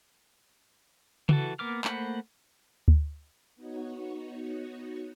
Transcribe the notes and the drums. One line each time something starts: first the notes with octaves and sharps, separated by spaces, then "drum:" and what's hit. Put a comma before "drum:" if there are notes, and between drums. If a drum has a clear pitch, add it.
E3 F#4 A4, drum: tom C#3
A#3 B3 D6 F6
A3 A#3 C5 F#5 B5, drum: clap
drum: kick D2
B3 D#4 F#4 C#5